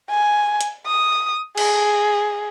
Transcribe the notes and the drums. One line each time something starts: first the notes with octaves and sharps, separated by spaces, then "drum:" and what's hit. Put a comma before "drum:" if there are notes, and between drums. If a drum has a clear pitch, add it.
G#5
drum: hi-hat
D#6
G#4, drum: cymbal